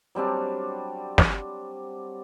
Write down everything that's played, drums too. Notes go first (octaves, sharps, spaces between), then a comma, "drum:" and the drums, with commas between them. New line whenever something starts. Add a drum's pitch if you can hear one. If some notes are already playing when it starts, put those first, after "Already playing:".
F#3 G3 C4 D4
drum: snare